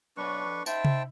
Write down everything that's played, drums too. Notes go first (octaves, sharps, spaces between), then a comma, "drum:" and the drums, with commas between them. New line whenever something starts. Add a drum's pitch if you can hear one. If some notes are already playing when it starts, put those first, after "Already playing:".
B1 D4 B4 C#5 C#6
F2
D#4 C5 E5 G5 A5, drum: tambourine
drum: tom C3